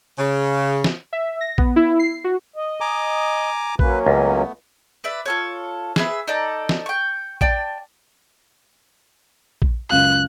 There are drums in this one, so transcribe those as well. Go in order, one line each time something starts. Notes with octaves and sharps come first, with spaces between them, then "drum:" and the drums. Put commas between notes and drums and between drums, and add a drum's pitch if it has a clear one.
C#3
drum: snare
E5
A#6
B3, drum: kick A#1
E4
C7
F#4
D#5
G#5 A#5 D6
F#3 A#3 C#4 B4, drum: kick A#1
C#2 A3 B3
B4 D5 E5
F4 A4 C#5
G#4 B4 E5, drum: snare
D#4 A4 D5 A#5
drum: snare
G5 C#6
D5 G5 A5, drum: kick A#1
drum: kick A#1
F#1 C#2 F5 F#6